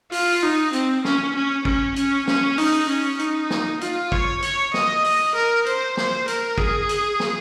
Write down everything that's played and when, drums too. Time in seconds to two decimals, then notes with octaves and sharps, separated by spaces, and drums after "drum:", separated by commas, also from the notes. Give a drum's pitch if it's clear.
0.12 F4, drum: open hi-hat
0.43 D#4
0.73 C4, drum: hi-hat
1.05 C#4, drum: snare
1.35 C#4
1.65 C#4, drum: kick
1.96 C#4, drum: hi-hat
2.28 C#4, drum: snare
2.58 D#4, drum: open hi-hat
2.89 C#4
3.19 D#4, drum: hi-hat
3.50 drum: snare
3.81 F4, drum: hi-hat
4.12 C#5, drum: kick
4.42 C#5, drum: hi-hat
4.74 D#5, drum: snare
5.04 D#5, drum: open hi-hat
5.35 A#4
5.66 C5, drum: hi-hat
5.97 C5, drum: snare
6.28 A#4, drum: hi-hat
6.58 G#4, drum: kick
6.89 drum: hi-hat
7.20 drum: snare